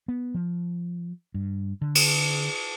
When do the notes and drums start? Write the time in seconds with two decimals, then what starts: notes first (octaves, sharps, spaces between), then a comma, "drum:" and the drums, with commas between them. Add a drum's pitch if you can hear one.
0.08 B3
0.34 F3
1.34 G2
1.82 D3
1.95 drum: cymbal